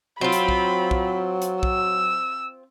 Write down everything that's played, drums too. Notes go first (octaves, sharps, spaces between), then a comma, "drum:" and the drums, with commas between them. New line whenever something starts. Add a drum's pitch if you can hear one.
F#3 C4 F4 B5
drum: hi-hat
drum: kick
drum: kick
drum: hi-hat
E6, drum: kick